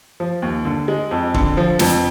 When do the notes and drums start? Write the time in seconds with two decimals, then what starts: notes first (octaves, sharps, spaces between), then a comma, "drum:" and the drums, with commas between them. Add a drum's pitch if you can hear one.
0.20 F3
0.42 D#2
0.65 D3
0.88 G#3
1.11 F2
1.34 D3, drum: kick
1.57 F3
1.79 F2, drum: snare